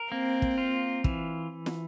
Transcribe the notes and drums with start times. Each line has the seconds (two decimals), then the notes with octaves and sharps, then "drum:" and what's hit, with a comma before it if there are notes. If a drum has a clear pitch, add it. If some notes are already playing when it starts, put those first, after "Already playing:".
Already playing: A#4
0.11 A#3 C4
0.42 drum: kick
0.58 F4
1.04 E3, drum: kick
1.66 drum: snare